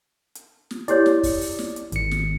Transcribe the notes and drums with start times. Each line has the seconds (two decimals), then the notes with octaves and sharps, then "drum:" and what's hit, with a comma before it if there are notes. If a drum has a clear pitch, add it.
0.35 drum: hi-hat
0.71 drum: snare
0.88 E4 G4 C#5 D5, drum: hi-hat
1.06 drum: snare
1.23 drum: kick, open hi-hat
1.41 drum: open hi-hat
1.59 drum: snare
1.76 drum: hi-hat
1.92 G#1 C#7, drum: hi-hat
2.11 drum: snare